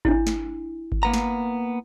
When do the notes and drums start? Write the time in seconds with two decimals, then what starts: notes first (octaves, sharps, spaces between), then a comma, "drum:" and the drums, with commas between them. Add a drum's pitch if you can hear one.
0.05 D4 E4, drum: kick G#1
0.27 drum: snare
0.92 drum: kick G#1
1.03 A#3 B3 A#5
1.14 drum: snare